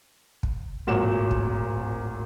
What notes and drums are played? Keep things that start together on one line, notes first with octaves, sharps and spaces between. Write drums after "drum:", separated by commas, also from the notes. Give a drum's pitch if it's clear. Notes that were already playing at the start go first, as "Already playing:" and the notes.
drum: kick
D1 G#1 A#2 F#3 F#5 E7
drum: kick